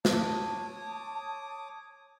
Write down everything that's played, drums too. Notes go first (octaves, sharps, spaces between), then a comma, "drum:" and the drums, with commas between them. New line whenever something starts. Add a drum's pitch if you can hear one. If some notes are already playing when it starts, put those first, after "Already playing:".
C#5 A5 D6 D#6, drum: snare